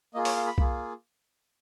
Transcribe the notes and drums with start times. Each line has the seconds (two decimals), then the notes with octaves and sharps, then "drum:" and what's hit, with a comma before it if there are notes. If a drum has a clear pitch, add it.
0.14 A#3 F4 G#4 D#5
0.25 C#5, drum: open hi-hat
0.37 F5
0.47 B5
0.58 A#3 F4 G#4, drum: kick B1